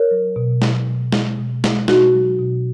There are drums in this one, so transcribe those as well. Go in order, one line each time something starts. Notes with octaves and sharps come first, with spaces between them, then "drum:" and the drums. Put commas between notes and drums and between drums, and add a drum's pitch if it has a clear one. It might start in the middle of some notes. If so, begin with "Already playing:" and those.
Already playing: A#4 C#5
F#3
B2
F#3, drum: snare
B2
G#3, drum: snare
B2
G#3, drum: snare
B2 D#4 F#4, drum: snare
F#3
B2